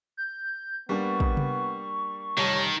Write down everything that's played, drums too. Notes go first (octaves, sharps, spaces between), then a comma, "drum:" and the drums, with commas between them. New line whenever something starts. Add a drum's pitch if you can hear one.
G6
G3 A#3 B3 D4 C#6
drum: kick
drum: tom C3
F1 D#3 G3 C#5 A5